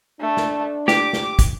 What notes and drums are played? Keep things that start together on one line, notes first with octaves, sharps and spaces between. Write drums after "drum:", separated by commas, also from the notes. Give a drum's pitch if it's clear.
A3 D4
drum: snare
G4 D6, drum: snare
drum: snare
drum: kick, hi-hat